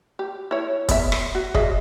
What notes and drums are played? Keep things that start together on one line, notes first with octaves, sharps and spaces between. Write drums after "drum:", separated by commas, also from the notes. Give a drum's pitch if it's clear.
G4
E4 C#5
B3 E5, drum: kick, hi-hat
drum: rim click
F#4
G#4 D#5 E5, drum: kick